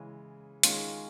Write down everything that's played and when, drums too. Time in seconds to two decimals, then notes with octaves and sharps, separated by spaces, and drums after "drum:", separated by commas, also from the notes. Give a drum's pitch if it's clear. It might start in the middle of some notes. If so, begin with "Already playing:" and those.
Already playing: C#3 E3 G#3
0.63 D#3 G#3 C#4 F4, drum: hi-hat